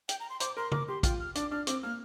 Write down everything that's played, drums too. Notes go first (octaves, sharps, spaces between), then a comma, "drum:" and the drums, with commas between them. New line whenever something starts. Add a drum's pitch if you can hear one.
G5, drum: hi-hat
A#5
C6
C5 D6, drum: hi-hat
A#4 C6
A#4 D6, drum: tom C#3
G4 C6
F4 G5, drum: kick, hi-hat
F6
D4 D6, drum: hi-hat
D4 F6
C4 D6, drum: hi-hat
A#3 F6